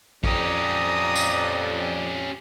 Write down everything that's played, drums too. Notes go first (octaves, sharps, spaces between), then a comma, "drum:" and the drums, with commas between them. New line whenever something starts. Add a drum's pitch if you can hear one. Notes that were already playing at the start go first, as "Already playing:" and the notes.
F2 C#4 G4 D5 A#5 D#6, drum: kick
drum: tambourine